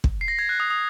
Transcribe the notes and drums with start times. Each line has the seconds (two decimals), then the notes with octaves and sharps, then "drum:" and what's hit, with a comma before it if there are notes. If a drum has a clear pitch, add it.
0.04 drum: kick
0.21 C7
0.28 A#6
0.39 G#6
0.49 F#6
0.60 D#6
0.70 D#6